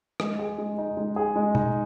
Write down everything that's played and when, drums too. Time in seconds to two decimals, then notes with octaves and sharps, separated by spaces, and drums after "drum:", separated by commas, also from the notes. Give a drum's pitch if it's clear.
0.20 G#3, drum: rim click
0.39 G#4
0.58 G#3
0.78 D#4
0.97 G#3
1.16 G#4
1.36 G#3
1.55 D#4, drum: tom B2